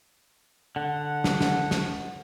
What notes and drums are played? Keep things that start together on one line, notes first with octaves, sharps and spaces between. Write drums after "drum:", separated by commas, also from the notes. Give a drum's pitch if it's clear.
D3 F#5
drum: snare
drum: snare
drum: snare